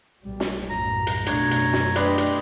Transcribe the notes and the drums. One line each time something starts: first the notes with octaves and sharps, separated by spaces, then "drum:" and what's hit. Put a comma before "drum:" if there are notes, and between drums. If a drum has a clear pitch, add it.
B1 G3
drum: snare
B1 F#2 A2 A#5
drum: hi-hat
F#2 B2 A3 D4 C#5 A#5, drum: hi-hat
drum: hi-hat
drum: snare
D4 G4 B4 D5 D#5 C6, drum: hi-hat
drum: hi-hat